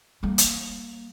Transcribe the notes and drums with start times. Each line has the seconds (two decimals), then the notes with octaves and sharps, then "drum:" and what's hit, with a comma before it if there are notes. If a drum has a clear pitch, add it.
0.23 G3 A#3
0.38 drum: hi-hat